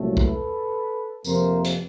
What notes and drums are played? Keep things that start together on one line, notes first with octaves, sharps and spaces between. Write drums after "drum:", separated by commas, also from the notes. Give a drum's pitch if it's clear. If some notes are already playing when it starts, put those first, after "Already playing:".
Already playing: C2 A#2 F#3 A3
A4 B4, drum: kick
F2 C3 F3 A#3 A#4 C5, drum: tambourine
drum: hi-hat